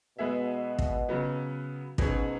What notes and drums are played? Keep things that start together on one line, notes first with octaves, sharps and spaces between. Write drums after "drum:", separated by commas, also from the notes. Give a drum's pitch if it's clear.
B2 G#3 B3 G#4 E5
drum: kick
C#3 F#3 B3
G#2 B2 F#3 C#4 G#4, drum: kick